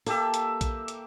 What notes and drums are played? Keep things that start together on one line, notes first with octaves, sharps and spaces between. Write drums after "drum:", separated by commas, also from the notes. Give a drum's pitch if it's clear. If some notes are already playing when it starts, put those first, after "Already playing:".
A#3 G4 A4 E5, drum: open hi-hat
drum: hi-hat
drum: kick A#1, hi-hat
drum: hi-hat